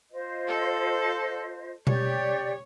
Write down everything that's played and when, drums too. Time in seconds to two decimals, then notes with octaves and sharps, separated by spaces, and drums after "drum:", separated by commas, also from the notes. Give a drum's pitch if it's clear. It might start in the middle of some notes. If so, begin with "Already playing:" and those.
0.11 F4 C5 D#5
0.48 A4
1.87 G4 C#5 D5, drum: tom B2